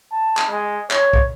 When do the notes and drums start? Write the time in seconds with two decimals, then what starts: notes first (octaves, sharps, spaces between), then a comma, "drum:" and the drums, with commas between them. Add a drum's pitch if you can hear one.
0.12 A5
0.37 drum: clap
0.49 G#3
0.91 C#5, drum: clap
1.13 drum: kick